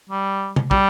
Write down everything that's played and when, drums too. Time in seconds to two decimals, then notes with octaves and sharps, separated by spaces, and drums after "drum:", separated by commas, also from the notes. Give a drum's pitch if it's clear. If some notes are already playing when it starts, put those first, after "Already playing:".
0.10 G3
0.56 drum: tom C3
0.71 G3, drum: kick